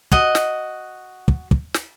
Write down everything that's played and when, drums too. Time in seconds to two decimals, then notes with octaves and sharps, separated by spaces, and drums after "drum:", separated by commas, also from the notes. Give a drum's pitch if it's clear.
0.12 F#4 D#5, drum: kick
0.35 drum: snare
1.28 drum: kick
1.51 drum: kick
1.74 drum: snare